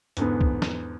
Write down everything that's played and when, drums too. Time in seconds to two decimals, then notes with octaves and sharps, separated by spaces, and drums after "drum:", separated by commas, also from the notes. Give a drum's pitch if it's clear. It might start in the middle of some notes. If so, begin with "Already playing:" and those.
0.17 E2 G#2 D3 B3, drum: hi-hat
0.41 drum: kick C2
0.62 drum: snare